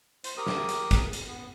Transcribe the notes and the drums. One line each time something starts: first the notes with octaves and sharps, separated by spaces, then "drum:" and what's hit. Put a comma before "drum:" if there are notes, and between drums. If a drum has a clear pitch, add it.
C5, drum: hi-hat
G4 A#4 D#6
drum: snare
drum: hi-hat
drum: kick, hi-hat
drum: hi-hat
B3